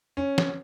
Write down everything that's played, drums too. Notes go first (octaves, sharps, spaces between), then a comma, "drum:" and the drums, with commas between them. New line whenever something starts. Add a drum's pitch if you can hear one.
C#4
drum: snare